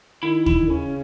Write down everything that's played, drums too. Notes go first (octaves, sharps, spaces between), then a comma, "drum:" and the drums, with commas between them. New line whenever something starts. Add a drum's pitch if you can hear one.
D#3 E4
E4, drum: kick D#2
C#3 C#4